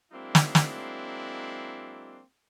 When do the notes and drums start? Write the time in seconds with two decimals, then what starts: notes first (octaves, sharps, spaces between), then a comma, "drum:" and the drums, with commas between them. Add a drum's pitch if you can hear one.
0.13 F#3 G#3 A#3 C4 D4 E4
0.35 drum: snare
0.55 drum: snare